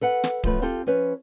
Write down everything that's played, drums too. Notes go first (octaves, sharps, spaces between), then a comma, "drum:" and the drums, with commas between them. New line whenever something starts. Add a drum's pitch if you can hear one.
A4 B4 F#5
drum: snare
F#2 F3 A3 B4, drum: kick D1
C4 F4 G4 A4
F3 C#4 B4